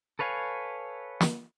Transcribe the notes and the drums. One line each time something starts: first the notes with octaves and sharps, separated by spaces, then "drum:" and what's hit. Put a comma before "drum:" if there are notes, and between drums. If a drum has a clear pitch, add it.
A4 B4 C#5 F5 G#5
drum: snare